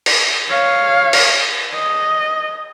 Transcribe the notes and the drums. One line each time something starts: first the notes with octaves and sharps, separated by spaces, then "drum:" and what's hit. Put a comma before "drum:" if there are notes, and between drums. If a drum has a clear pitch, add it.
drum: cymbal
C#5 F5
drum: cymbal
D#5